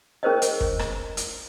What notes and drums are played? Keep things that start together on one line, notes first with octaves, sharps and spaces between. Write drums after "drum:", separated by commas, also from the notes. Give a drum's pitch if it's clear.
C#4 G#4 A#4 C5 C#5 D#5
drum: hi-hat
drum: kick
drum: rim click
drum: hi-hat